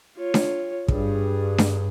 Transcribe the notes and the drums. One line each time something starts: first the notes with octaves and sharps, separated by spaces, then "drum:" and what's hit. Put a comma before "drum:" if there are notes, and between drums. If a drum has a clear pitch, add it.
F4 C#5
drum: snare D4
G2 G#4, drum: kick
drum: snare D4